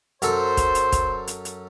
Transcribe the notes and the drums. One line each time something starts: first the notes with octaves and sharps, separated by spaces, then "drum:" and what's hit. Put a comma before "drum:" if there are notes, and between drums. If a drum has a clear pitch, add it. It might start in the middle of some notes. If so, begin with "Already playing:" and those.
F#2 F#3 A4 C5, drum: hi-hat
drum: kick, hi-hat
drum: hi-hat
drum: kick, hi-hat
drum: hi-hat
drum: hi-hat